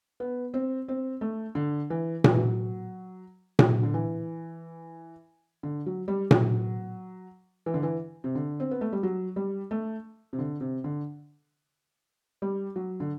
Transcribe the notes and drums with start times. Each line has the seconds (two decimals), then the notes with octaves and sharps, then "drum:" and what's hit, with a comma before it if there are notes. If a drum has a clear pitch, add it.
0.20 B3
0.54 C4
0.88 C4
1.21 A3
1.55 D3
1.90 E3
2.24 F#3, drum: tom A#2
2.31 E3
2.37 F#3
3.59 F#3, drum: tom A#2
3.83 D3
3.94 E3
5.63 D3
5.86 F#3
6.08 G3
6.31 F#3, drum: tom A#2
7.66 E3
7.74 D3
7.83 E3
8.24 C3
8.35 D3
8.60 C4
8.71 B3
8.81 A3
8.93 G3
9.03 F#3
9.36 G3
9.71 A3
10.33 C3
10.39 D3
10.60 C3
10.84 D3
12.42 G3
12.76 F#3
13.00 D3